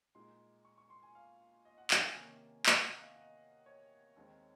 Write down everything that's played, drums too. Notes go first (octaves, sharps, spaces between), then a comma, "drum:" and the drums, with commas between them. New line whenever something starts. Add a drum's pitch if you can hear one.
A#2 G#3 D#4 C6
C#6
C#6
C6
G#5
F5
D#5
F#5
G#5, drum: clap
G#5
C3 D#3 A#3 C#4
F#5, drum: clap
F#5
D#5
F5
D#5
C#5
D#2 D#3 G#3 C4 D#4